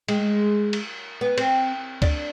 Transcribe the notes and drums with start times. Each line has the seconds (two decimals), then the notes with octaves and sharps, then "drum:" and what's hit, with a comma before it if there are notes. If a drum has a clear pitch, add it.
0.08 G#3, drum: cymbal
0.73 drum: cymbal
1.21 B3
1.38 C4, drum: cymbal
2.02 D4, drum: kick, cymbal